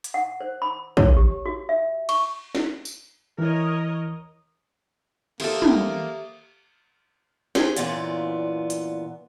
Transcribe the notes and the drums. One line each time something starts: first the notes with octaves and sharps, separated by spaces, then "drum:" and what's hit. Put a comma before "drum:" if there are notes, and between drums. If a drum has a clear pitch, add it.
drum: hi-hat
F#5
C5
B5
C#5, drum: kick
G4
F#4
E5
C#6, drum: cymbal
drum: snare
drum: tambourine
E3 A#4 C#5 D#5
A#3 G4 A4 C5 E5 D#6, drum: cymbal
drum: tom
G4 G#4 C5, drum: snare
F#2 A#2 E3 B3 F4 D5, drum: hi-hat
drum: hi-hat